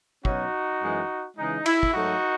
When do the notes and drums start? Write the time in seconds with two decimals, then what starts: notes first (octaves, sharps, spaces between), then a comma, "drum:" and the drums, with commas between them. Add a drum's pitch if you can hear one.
0.25 B2 F#3 C#4 D#4 F#4, drum: kick
0.81 F#2 E3 G#3
1.37 C#3 E3 G#3 D#4
1.66 E4, drum: cymbal
1.83 drum: kick
1.93 G#2 F#3 A3 D#4 F#4